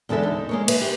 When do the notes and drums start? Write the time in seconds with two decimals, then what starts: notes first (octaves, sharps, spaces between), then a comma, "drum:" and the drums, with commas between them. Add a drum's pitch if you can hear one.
0.09 E2 D3 G#3 A4 E5
0.23 D#4
0.49 G#3 A#3 C#5
0.68 B4 E5, drum: cymbal
0.81 G4